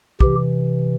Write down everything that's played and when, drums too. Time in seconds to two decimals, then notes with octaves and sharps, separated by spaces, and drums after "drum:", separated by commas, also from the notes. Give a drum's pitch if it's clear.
0.20 C3 E3 G4, drum: kick